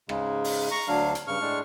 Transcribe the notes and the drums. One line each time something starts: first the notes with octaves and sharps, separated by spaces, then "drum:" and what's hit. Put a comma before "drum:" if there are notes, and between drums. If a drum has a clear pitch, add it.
G#2 C#3 G#3, drum: rim click
drum: open hi-hat
A#5 C#6
D2 F#3 D4 F5
drum: hi-hat
G2 C#3 C#6 F6
A2 G#3 D4